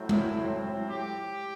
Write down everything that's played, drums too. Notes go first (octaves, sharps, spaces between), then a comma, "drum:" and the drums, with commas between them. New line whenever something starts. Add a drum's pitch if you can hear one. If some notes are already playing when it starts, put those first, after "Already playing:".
Already playing: A2 F#3 A3 C4
E4, drum: tom G#3
C4
G4